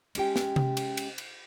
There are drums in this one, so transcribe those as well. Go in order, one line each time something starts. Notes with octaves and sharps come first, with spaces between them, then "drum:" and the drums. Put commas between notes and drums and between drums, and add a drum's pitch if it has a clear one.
G#3 C#4 G4 G5, drum: cymbal
drum: snare
drum: tom C3
drum: cymbal
drum: cymbal
drum: cymbal